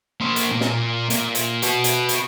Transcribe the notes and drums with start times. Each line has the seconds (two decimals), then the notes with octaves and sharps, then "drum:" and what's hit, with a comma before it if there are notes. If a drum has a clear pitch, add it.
0.21 A#3 C5
0.36 drum: hi-hat
0.51 A#2
0.61 drum: snare
1.10 A#2, drum: hi-hat
1.35 drum: hi-hat
1.62 F#4 B4, drum: hi-hat
1.84 drum: hi-hat
2.09 drum: hi-hat